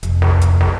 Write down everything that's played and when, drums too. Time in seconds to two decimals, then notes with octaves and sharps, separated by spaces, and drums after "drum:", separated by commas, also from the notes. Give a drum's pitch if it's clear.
0.03 F1, drum: hi-hat
0.22 drum: snare
0.41 drum: hi-hat
0.61 drum: snare